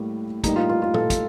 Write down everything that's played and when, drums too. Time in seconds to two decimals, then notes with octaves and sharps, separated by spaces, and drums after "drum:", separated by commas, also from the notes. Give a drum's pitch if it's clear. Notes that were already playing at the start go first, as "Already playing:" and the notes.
Already playing: A2 G3 A#3
0.44 A2 G3 A#3 D#4, drum: kick, hi-hat
0.56 F4
0.69 F4
0.82 F4
0.94 A4, drum: tom
1.10 drum: kick, hi-hat